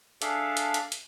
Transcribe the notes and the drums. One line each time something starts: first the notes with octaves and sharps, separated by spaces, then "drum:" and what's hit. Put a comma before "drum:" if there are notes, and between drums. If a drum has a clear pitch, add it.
D4 G#4 A4 D5 E5 F5, drum: hi-hat
drum: hi-hat
drum: hi-hat
drum: hi-hat